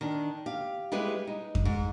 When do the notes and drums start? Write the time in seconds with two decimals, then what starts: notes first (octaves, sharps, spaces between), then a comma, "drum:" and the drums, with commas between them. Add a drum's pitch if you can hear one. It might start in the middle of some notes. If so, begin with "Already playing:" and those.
0.01 D#3 D4
0.46 G4 F5
0.92 G3 G#3 E4 G4 B4
1.27 D#4
1.55 drum: kick F2
1.65 G#2